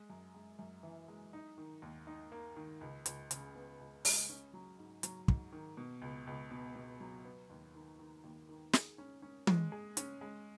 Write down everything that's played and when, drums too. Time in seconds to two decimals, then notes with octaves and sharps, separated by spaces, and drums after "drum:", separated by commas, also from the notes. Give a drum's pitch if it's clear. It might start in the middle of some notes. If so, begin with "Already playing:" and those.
Already playing: G#3
0.10 F#2
0.35 G#3
0.59 F#2
0.83 E3
1.08 G#3
1.33 D#4
1.58 D#3
1.82 D#2
2.07 D#4
2.32 A#3
2.56 D#3
2.81 C#2
3.06 C#2, drum: hi-hat
3.31 C#3, drum: hi-hat
3.55 B3
3.80 C#2
4.05 G#3, drum: open hi-hat
4.29 C#4
4.53 F#3
4.79 G#2
5.03 F#3, drum: hi-hat
5.28 G#2, drum: kick
5.52 D#3
5.77 B2
6.02 C#2
6.27 C#2
6.51 B2
6.75 B2
7.00 F#3
7.25 B3
7.50 D#2
7.75 D#3
7.99 D#3
8.24 D#2
8.49 D#3
8.73 G#4, drum: snare
8.98 C#4
9.22 C#4
9.47 G#3, drum: tom E3
9.72 G#4
9.97 C#4, drum: hi-hat
10.21 G#3